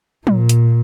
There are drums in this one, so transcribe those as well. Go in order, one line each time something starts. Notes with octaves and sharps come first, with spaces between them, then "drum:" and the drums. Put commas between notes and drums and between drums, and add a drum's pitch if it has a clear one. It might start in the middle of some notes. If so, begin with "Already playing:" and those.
A#2, drum: tom
drum: hi-hat